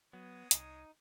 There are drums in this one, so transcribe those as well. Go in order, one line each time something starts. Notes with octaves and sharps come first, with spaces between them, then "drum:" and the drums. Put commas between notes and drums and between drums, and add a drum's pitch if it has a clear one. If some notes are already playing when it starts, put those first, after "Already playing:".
F#3 G#3 B3 C#5 D#6
C2 D#4, drum: hi-hat